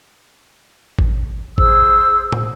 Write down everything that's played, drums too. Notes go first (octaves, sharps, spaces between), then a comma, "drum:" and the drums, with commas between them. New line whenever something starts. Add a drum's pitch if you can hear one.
drum: kick G#1
G#4 C5 E6, drum: kick G#1
drum: tom